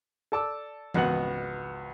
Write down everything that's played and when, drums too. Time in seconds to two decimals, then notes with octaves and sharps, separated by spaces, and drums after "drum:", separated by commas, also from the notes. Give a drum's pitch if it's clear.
0.32 A4 D5 A5 D6 E6
0.94 G#1 C#2 B3 F#4 F#5 F#7, drum: tom E3